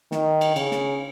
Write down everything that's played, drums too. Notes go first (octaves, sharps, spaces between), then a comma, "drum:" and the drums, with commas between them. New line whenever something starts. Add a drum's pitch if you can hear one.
D#3, drum: snare
drum: cymbal
C#3, drum: cymbal
drum: snare